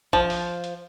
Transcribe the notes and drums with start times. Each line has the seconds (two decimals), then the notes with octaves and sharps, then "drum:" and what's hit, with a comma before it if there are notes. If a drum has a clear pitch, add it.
0.13 F3, drum: kick A1
0.30 drum: open hi-hat
0.64 drum: hi-hat